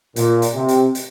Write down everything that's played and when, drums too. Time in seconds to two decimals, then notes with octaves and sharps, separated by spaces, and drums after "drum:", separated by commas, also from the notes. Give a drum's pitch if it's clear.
0.16 A#2, drum: hi-hat
0.42 drum: hi-hat
0.55 C3
0.68 drum: hi-hat
0.95 drum: hi-hat